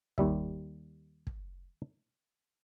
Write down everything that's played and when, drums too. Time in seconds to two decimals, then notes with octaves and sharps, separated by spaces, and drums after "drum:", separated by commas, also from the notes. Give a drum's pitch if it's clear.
0.18 D#2 G3 E5, drum: kick
1.27 drum: kick